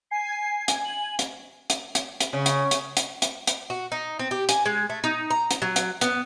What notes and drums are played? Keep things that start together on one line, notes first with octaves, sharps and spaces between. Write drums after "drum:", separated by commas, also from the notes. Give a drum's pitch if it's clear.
G#5 C7
drum: hi-hat
F#7
drum: hi-hat
drum: hi-hat
drum: hi-hat
drum: hi-hat
C#3
drum: hi-hat
drum: hi-hat
drum: hi-hat
drum: hi-hat
drum: hi-hat
F#4
D#4
C4
G4
G#5, drum: hi-hat
G#3
A3
D#4
A#5
drum: hi-hat
F#3
drum: hi-hat
B3, drum: hi-hat